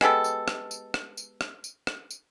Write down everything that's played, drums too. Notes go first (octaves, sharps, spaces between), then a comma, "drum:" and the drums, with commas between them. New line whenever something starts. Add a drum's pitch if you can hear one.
G#3 B3 G4 A4, drum: rim click
drum: tambourine
drum: rim click
drum: tambourine
drum: rim click
drum: tambourine
drum: rim click
drum: tambourine
drum: rim click
drum: tambourine